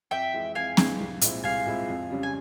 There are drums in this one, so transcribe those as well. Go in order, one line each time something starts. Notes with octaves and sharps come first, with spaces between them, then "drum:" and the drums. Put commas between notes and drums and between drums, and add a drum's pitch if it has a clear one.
F2 E5 G5
E3 G#3
F2 F5 G#5
E3 G#3, drum: snare C4
C2
A#2 G#3 C4 E4, drum: hi-hat
C2 F5 G#5
A#2 G#3 C4 E4
F2
C#3 G3 C#4
G#5